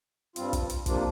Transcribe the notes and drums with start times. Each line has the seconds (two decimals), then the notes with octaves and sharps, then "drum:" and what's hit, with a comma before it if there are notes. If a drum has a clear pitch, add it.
0.36 G2 G3 C4 F4, drum: hi-hat
0.53 drum: kick, hi-hat
0.70 drum: hi-hat
0.86 C3 F3 A#3 D4 F4, drum: kick, hi-hat